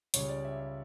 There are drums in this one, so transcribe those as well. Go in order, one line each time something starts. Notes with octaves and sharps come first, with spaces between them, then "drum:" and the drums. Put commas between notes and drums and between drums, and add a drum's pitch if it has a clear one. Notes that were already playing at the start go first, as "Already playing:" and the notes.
C#2 C#3 G3 C#5, drum: hi-hat
D5
E5
E5